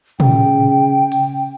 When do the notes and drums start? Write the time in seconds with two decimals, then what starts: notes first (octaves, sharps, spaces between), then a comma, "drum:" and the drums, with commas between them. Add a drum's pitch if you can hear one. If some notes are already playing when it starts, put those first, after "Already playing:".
0.20 C#3 G5, drum: tom
1.12 drum: hi-hat